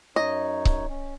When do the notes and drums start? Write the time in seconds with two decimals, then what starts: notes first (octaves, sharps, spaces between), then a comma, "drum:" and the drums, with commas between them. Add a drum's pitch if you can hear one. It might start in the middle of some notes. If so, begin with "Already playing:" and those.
0.16 F#2 D#4 C#5 D#5
0.65 drum: kick C#1
0.90 C#4